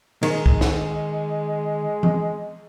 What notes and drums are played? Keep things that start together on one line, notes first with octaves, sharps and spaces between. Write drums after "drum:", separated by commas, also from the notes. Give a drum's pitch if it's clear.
D#3 G#3, drum: cymbal
drum: kick
drum: snare
drum: tom E3